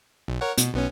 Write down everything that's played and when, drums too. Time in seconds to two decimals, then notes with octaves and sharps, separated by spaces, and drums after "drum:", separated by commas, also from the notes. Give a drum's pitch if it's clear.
0.28 B1
0.41 A#4 C#5 F#5
0.58 B2, drum: hi-hat
0.74 B1 B3 C#4